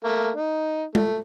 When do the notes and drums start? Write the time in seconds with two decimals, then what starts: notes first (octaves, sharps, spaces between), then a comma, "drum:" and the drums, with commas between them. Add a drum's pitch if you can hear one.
0.04 A3 A#3
0.36 D#4
0.95 A3, drum: tom G#3